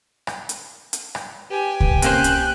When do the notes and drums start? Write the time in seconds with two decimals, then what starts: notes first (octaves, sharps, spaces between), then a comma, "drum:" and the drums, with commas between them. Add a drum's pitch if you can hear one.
0.27 drum: rim click
0.49 drum: hi-hat
0.93 drum: hi-hat
1.15 drum: rim click
1.51 G4 B4 G#5
1.80 drum: kick C2
2.02 C3 A#3 C#4 C5 F#6 G6, drum: hi-hat
2.24 drum: hi-hat